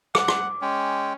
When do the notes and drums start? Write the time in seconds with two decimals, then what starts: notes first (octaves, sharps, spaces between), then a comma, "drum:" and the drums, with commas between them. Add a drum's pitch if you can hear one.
0.15 F#5 D6, drum: rim click
0.28 drum: rim click
0.62 G#3 C#4 G5